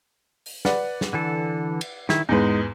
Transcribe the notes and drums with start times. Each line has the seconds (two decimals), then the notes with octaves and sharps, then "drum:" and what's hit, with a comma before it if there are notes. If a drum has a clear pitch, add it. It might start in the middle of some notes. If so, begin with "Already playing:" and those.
0.46 drum: open hi-hat
0.65 B4 D5 F#5, drum: snare
1.01 drum: snare
1.13 D3 E3 A4
1.81 drum: cymbal
2.09 D#3 E4, drum: snare
2.29 E2 G#2 G#3 D#4 B4